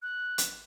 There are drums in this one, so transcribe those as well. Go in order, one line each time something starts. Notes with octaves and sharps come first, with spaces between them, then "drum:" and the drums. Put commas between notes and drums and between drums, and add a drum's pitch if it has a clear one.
F#6
drum: hi-hat